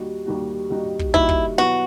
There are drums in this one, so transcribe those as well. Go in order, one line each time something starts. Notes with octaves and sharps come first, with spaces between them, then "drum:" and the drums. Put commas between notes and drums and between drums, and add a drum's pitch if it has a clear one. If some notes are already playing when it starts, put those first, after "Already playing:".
Already playing: D#2 D#3 G3 D#4 F#4
D#2 D#3 G3 D#4 F#4
D#2 D#3 G3 D#4 F#4
drum: kick
D#2 D#3 G3 D#4 E4 F#4, drum: kick
drum: kick
B2 F#3 B3 E4 F#4